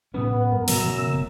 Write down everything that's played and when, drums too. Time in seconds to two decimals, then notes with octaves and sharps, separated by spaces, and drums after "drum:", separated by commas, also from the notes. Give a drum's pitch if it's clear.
0.14 A2 F#3 B3 C#4 B4
0.52 G2 A#4
0.68 F#2 B2 E3 F#3 A3 A#5 E6, drum: open hi-hat
0.88 C#3 F3
1.11 F#1 A3